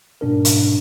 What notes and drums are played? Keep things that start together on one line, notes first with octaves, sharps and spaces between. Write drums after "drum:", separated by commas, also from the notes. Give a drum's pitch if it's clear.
G#2 B2 D4 A#4
drum: hi-hat